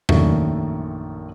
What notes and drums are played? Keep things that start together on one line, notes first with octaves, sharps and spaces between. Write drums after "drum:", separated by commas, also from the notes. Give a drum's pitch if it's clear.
A#1 F#2 D#3 A3 C#6, drum: tom E2